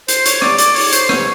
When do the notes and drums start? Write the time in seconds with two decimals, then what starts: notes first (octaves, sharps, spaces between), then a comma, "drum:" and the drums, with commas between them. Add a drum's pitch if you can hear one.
0.08 C5, drum: hi-hat
0.25 C#5, drum: hi-hat
0.42 D5, drum: rim click
0.58 D5, drum: hi-hat
0.76 C#5, drum: open hi-hat
0.92 C5, drum: hi-hat
1.09 C#5, drum: rim click